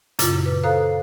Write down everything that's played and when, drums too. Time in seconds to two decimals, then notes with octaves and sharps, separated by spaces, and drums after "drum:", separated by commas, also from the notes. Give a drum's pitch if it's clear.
0.19 F#2 A#2 C#3 E4 F4, drum: hi-hat
0.46 B4
0.63 A4 C5 F5 A#5 D#6 F#6